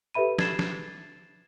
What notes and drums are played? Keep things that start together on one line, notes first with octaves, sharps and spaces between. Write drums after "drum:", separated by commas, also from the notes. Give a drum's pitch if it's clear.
G4 A4 B4 E5 B5 D#7
G#6 A6 C7 E7, drum: snare
drum: snare